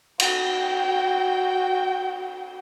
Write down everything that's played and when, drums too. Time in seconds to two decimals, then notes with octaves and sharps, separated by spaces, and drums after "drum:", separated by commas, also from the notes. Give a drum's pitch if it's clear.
0.20 F#4 G5, drum: cymbal